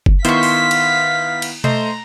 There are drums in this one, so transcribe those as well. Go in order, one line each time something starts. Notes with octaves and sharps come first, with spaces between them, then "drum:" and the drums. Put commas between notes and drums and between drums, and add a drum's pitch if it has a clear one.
drum: kick F#1
D#3 B3 E4 C5 F5 C#6 B6, drum: hi-hat
drum: open hi-hat
drum: cymbal
drum: cymbal
A3 C5 D#5 A#5, drum: tom B2